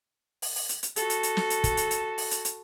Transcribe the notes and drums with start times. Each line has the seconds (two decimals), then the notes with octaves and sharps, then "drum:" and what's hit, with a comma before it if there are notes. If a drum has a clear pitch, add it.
0.42 drum: open hi-hat
0.56 drum: open hi-hat
0.69 drum: hi-hat
0.83 drum: hi-hat
0.96 F#4 A4, drum: hi-hat
1.10 drum: hi-hat
1.23 drum: hi-hat
1.37 drum: snare
1.50 drum: hi-hat
1.64 drum: kick, hi-hat
1.77 drum: hi-hat
1.91 drum: hi-hat
2.18 drum: open hi-hat
2.31 drum: hi-hat
2.45 drum: hi-hat